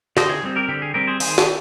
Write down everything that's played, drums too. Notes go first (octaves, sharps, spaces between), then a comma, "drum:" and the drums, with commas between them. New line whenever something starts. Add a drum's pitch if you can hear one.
D3 C5 D#5, drum: snare
G#4
G3 C4
G4 A#4
D3 G4
G#4
G3 C4 G4 A#4
G#4 C5
D#3 G#4 C5, drum: open hi-hat
drum: snare